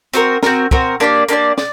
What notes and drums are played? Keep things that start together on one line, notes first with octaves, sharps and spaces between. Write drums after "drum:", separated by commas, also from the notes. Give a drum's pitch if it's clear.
C4 F#4 A#4, drum: hi-hat
C4 F#4 A#4, drum: snare
C4 F#4 A#4, drum: kick
A#3 D4 G4 D5
A#3 D4 G4 D5, drum: hi-hat
D5, drum: snare